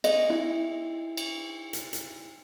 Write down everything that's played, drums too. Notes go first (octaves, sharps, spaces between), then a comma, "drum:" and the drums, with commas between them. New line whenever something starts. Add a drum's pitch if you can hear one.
D#5, drum: cymbal
E4
drum: cymbal
drum: hi-hat
drum: hi-hat